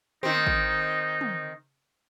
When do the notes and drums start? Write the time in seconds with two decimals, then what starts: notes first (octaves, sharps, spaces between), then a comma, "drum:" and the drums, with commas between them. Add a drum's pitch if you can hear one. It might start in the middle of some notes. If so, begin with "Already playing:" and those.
0.23 D#3 C4 D#4, drum: tom
0.47 drum: kick
1.21 drum: tom